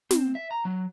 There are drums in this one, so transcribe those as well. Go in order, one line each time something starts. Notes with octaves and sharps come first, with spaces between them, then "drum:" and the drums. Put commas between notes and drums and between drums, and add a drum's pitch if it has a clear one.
C4, drum: snare
E5
A#5
F#3